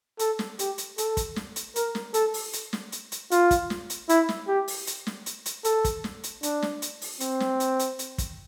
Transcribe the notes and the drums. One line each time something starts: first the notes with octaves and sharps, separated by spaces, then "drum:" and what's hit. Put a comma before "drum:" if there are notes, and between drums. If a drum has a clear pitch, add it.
A4, drum: hi-hat
drum: snare
G4, drum: hi-hat
drum: hi-hat
A4, drum: hi-hat
drum: kick, hi-hat
drum: snare
drum: hi-hat
A#4, drum: hi-hat
drum: snare
A4, drum: hi-hat
drum: open hi-hat
drum: hi-hat
drum: snare
drum: hi-hat
drum: hi-hat
F4, drum: hi-hat
drum: kick, hi-hat
drum: snare
drum: hi-hat
E4, drum: hi-hat
drum: snare
G4
drum: open hi-hat
drum: hi-hat
drum: snare
drum: hi-hat
drum: hi-hat
A4, drum: hi-hat
drum: kick, hi-hat
drum: snare
drum: hi-hat
D4, drum: hi-hat
drum: snare
drum: hi-hat
drum: open hi-hat
C4, drum: hi-hat
drum: snare
drum: hi-hat
drum: hi-hat
drum: hi-hat
drum: kick, hi-hat